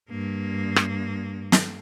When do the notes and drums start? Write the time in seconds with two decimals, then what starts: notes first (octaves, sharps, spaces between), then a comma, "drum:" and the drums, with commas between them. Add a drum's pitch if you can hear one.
0.10 G2 A#3
0.76 drum: rim click
1.52 drum: snare